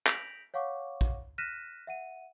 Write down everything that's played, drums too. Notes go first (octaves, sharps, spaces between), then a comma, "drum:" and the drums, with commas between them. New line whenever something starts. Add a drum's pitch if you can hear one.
G6 A#6 B6 D7 F7 F#7, drum: clap
C#5 F5 F#5 C#6 D6
drum: kick
F6 F#6 A#6 B6 D#7 E7
E5 F#5 D#7